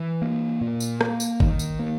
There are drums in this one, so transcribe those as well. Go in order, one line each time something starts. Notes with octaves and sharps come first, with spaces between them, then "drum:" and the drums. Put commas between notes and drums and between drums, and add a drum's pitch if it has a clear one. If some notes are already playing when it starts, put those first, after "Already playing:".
Already playing: E3
A#3
A#2
drum: tambourine
A#3, drum: rim click
drum: tambourine
D#3, drum: kick G1
drum: tambourine
A#3